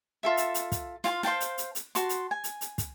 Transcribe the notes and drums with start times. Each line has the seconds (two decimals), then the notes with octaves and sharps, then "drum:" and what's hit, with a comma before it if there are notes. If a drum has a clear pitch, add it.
0.23 F4 A4 E5
0.37 drum: hi-hat
0.54 drum: hi-hat
0.72 drum: kick, hi-hat
1.04 F4 F5 G#5 C6, drum: snare
1.23 C5 F5 G5 A5, drum: snare
1.40 drum: hi-hat
1.58 drum: hi-hat
1.75 drum: hi-hat
1.95 F#4 A5 C6, drum: hi-hat
2.09 drum: hi-hat
2.31 G#5
2.44 drum: hi-hat
2.61 drum: hi-hat
2.78 drum: kick, hi-hat